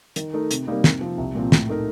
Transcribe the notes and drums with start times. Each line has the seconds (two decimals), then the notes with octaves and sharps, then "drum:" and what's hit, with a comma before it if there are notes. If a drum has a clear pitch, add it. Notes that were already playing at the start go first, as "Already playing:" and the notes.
0.16 D#3, drum: hi-hat
0.33 A3 D#4 A#4
0.51 C3, drum: hi-hat
0.67 G3 A#3 D#4
0.84 C3, drum: snare
1.01 F3 C4
1.18 C2
1.35 A#2 F3 C4
1.52 A2, drum: snare
1.69 A3 D#4 A#4